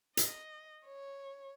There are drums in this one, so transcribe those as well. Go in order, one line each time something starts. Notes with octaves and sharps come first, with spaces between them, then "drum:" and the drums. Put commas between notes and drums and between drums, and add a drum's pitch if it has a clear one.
D#5, drum: hi-hat
C#5